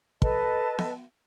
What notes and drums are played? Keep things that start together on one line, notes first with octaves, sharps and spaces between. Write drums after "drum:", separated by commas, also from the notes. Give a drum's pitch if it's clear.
A4 B4 D#5 A5, drum: kick
drum: snare B3